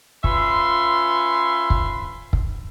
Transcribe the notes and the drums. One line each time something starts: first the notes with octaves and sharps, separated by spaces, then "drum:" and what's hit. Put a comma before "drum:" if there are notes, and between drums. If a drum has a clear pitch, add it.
C#4 F4 B4 E5 C6, drum: kick
drum: kick
drum: kick